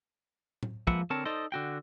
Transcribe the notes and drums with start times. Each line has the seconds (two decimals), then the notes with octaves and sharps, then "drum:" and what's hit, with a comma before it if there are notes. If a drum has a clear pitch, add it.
0.63 drum: tom A2
0.87 F3 G#3 A#3 B4 E5 F#5, drum: kick
1.10 D3 C4 A#4 C#5 A5
1.25 D#4 A4 C5 D5 D#5
1.52 D3 F#4 G5